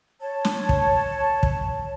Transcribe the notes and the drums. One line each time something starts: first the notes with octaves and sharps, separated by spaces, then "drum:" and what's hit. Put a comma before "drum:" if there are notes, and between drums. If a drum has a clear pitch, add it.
C#5 A5
drum: snare
drum: kick
drum: kick